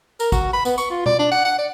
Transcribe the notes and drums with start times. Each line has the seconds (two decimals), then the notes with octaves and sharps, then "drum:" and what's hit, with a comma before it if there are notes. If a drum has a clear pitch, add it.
0.20 A#4, drum: tambourine
0.32 F#4, drum: kick, tambourine
0.53 B5
0.65 B3, drum: tambourine
0.78 C#6, drum: tambourine
0.90 F4
1.06 D5, drum: tom B2
1.19 D4
1.31 F#5
1.45 F#5
1.58 D5